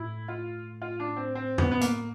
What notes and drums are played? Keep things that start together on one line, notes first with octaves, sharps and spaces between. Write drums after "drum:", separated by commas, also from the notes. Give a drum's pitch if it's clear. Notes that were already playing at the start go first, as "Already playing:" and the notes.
Already playing: A2 A3 E4
F4
F4
D4
C4
C4
B3, drum: tom F2
B3
A#3, drum: hi-hat